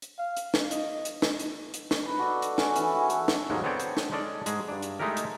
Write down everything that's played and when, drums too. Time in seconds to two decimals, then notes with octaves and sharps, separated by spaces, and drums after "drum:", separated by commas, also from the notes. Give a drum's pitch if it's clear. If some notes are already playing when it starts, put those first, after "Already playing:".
0.02 drum: hi-hat
0.18 F5
0.37 drum: hi-hat
0.54 drum: snare
0.71 D#5, drum: hi-hat
1.05 drum: hi-hat
1.22 drum: snare
1.39 drum: hi-hat
1.74 drum: hi-hat
1.91 drum: snare
2.04 B4 A#5
2.18 F#4 A4 D5 D#5
2.42 drum: hi-hat
2.58 C#4, drum: snare
2.76 E3, drum: hi-hat
2.94 F#4 G#4
3.10 A4, drum: hi-hat
3.28 drum: snare
3.50 D#2 G#2 F#3 G#3 A#3 C#4
3.64 B3 C4 A4 C#5 D5 G5
3.80 drum: hi-hat
3.97 drum: snare
4.12 G#3 C#4 A4 D5
4.46 G#2 G#3, drum: hi-hat
4.68 G2 D4
4.82 drum: hi-hat
4.99 G#3 A3 D#4 E4 G4 A#4
5.17 drum: hi-hat